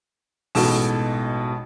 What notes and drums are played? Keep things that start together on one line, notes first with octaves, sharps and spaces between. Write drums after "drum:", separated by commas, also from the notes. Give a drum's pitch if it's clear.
A1 G#2 B2 A4 A5 E7, drum: open hi-hat